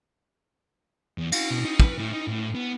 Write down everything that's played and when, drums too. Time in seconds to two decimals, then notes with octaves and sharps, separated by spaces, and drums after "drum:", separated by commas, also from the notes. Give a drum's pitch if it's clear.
1.18 E2
1.32 F5, drum: cymbal
1.50 B2
1.65 D#4
1.80 B4, drum: kick
1.98 A2
2.12 D#4
2.28 A2
2.55 B3